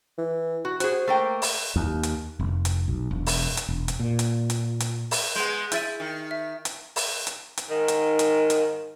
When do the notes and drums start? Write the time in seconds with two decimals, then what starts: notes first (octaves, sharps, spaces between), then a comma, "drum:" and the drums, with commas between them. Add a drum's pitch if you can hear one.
0.18 E3
0.65 F#4
0.80 F#4 G#4 C5, drum: hi-hat
1.07 A3 A#3 G5
1.42 drum: open hi-hat
1.76 D#2
2.03 drum: hi-hat
2.39 F1
2.65 drum: hi-hat
2.88 B1
3.11 E1
3.27 drum: open hi-hat
3.57 drum: hi-hat
3.69 E1
3.88 drum: hi-hat
3.99 A#2
4.19 drum: hi-hat
4.50 drum: hi-hat
4.80 drum: hi-hat
5.11 drum: open hi-hat
5.35 G#3 B3 C6 G6
5.72 E4 E5 G6 A6 D#7, drum: hi-hat
6.00 D#3
6.31 E5
6.65 drum: hi-hat
6.96 drum: open hi-hat
7.27 drum: hi-hat
7.58 drum: hi-hat
7.70 G#2 D#3
7.88 drum: hi-hat
8.19 drum: hi-hat
8.50 drum: hi-hat